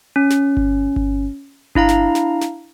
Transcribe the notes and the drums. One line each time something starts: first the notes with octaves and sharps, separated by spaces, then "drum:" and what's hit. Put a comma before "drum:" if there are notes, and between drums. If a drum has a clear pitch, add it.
C#4
drum: snare
drum: kick G1
drum: kick G1
D4 E4 F5 A#5, drum: kick G1
drum: snare
drum: snare
drum: snare